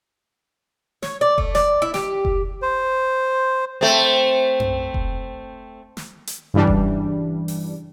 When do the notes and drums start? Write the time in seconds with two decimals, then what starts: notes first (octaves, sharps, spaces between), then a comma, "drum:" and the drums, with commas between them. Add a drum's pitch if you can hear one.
1.03 C#5, drum: snare
1.21 D5
1.38 A3, drum: kick F1
1.55 D5, drum: snare
1.82 E4
1.94 G4, drum: snare
2.25 drum: kick F1
2.62 C5
3.81 A3 C4
4.60 drum: tom F#2
4.94 drum: kick F1
5.97 drum: snare
6.27 drum: hi-hat
6.54 G2 C#3 E3 G3 D4
6.67 drum: kick F1
7.48 drum: open hi-hat